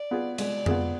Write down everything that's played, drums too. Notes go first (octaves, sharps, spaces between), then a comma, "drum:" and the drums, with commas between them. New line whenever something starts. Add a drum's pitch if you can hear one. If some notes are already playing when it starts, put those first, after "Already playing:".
Already playing: D5
B3 F4 G#4
G#3 D5, drum: cymbal
B3 F4 G#4, drum: tom F2